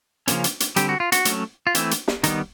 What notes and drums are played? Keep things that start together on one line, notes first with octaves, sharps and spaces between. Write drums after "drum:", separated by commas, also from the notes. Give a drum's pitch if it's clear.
C#3 F3 A#3 C#4, drum: hi-hat
drum: hi-hat
drum: hi-hat
D3 G3 C4 G4, drum: hi-hat
F#4
F4
F#4, drum: hi-hat
F#3 A3 C#4, drum: hi-hat
F4
E3 A3 C4 E4, drum: hi-hat
drum: hi-hat
drum: snare
D#3 G3 B3 D#4, drum: hi-hat